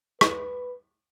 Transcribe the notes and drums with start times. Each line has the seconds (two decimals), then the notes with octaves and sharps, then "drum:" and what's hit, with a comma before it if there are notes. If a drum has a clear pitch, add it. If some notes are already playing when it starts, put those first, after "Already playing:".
0.21 B4, drum: rim click